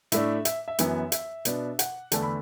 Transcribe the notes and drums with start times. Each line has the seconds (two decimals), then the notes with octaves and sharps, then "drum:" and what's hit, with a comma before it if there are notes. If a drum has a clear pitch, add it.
0.12 A2 A3 D4 E5, drum: hi-hat
0.45 E5, drum: hi-hat
0.68 E5
0.79 F#2 E3 B3, drum: hi-hat
1.12 E5, drum: hi-hat
1.45 B2 B3 D4, drum: hi-hat
1.79 F#5, drum: hi-hat
2.12 E2 D3 A3 D4 A5, drum: hi-hat
2.23 B5